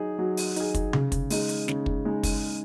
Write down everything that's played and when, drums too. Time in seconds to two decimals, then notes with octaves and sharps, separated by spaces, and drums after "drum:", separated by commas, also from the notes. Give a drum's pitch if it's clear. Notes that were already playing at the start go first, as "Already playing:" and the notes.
Already playing: F#3 D#4 G#4
0.18 F#3
0.37 drum: open hi-hat
0.56 D#4 G#4, drum: hi-hat
0.74 drum: kick, hi-hat
0.93 C#3, drum: tom C3
1.12 drum: kick, hi-hat
1.30 G#3 D#4 G#4, drum: open hi-hat
1.49 drum: hi-hat
1.68 C#3, drum: snare
1.86 drum: kick
2.05 G#3 D#4 G#4
2.23 drum: kick, open hi-hat